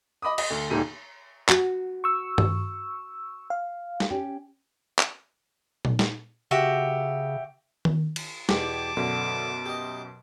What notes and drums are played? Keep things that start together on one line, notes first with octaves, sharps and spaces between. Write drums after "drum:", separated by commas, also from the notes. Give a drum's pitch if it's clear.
D#5 B5 D6 D#6
D#5, drum: cymbal
D2
D#1 A#1 D#2 G#2 G4 D#7
F#4, drum: clap
C#6 E6
drum: tom G2
F5
drum: snare
C#4 G4
drum: clap
drum: tom A#2
drum: snare
C#3 F#4 G4 E5
drum: tom D#3
drum: cymbal
E2 B2 G4 A5 D6, drum: snare
F#2 B2 D3
G4 D#5